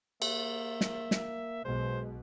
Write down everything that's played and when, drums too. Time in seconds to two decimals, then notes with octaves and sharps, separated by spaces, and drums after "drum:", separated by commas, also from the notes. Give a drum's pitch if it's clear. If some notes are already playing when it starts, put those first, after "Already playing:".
0.22 A#3 E5, drum: cymbal
0.81 drum: snare
1.11 drum: snare
1.65 B1 B2 G#3 C5